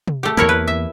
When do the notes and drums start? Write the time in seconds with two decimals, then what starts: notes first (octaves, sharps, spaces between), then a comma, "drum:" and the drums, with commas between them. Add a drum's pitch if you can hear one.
0.08 drum: tom
0.23 A3 G4
0.37 E2 A#3 E4 A#4 C#5
0.49 B4
0.68 E5